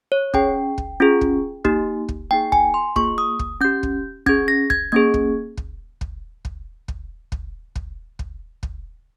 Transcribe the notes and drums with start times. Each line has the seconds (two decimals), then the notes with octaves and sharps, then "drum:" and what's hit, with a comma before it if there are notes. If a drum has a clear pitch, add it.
0.12 C#5
0.34 C#4 G#4 G5, drum: kick
0.78 drum: kick
1.00 C#4 F4 G#4
1.21 drum: kick
1.64 A#3 D#4 G4, drum: kick
2.09 drum: kick
2.31 A#3 D#4 G#4 G5
2.52 G#5, drum: kick
2.74 C6
2.96 A#3 F4 G#4 C#6, drum: kick
3.18 D#6
3.39 drum: kick
3.61 C#4 G4 G6
3.83 drum: kick
4.26 C#4 G#4 G#6, drum: kick
4.48 A#6
4.70 G#6, drum: kick
4.92 A#3 C#4 G#4 G#6
5.14 drum: kick
5.57 drum: kick
6.01 drum: kick
6.45 drum: kick
6.88 drum: kick
7.32 drum: kick
7.75 drum: kick
8.19 drum: kick
8.63 drum: kick